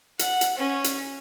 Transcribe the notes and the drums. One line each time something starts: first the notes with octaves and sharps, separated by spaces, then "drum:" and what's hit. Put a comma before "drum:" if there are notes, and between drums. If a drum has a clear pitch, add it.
F#5, drum: hi-hat
drum: hi-hat
C#4
drum: hi-hat